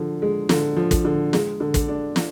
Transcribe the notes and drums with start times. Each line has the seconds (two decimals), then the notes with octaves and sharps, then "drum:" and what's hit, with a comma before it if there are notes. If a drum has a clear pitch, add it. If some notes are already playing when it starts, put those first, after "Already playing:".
Already playing: D3 F3
0.22 G#3
0.49 D3, drum: snare
0.77 F3
0.91 drum: kick, hi-hat
1.05 D3
1.33 G#3, drum: snare
1.60 D3
1.74 drum: kick, hi-hat
1.88 D4
2.16 drum: snare